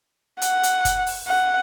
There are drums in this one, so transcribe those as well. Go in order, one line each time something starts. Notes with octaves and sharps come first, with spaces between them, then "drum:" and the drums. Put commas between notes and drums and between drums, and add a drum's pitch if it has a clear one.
F#5, drum: hi-hat
drum: hi-hat
drum: kick, hi-hat
drum: open hi-hat
F#5